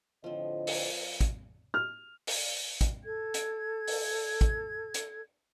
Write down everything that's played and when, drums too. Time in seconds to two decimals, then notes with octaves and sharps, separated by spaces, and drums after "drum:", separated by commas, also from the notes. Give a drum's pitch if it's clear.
0.24 A2 D3 F3 C4 D#5
0.67 drum: open hi-hat
1.21 drum: kick, hi-hat
1.74 F6
2.27 drum: open hi-hat
2.81 drum: kick, hi-hat
3.04 A4 G#6
3.34 drum: hi-hat
3.88 drum: open hi-hat
4.41 drum: kick, hi-hat
4.94 drum: hi-hat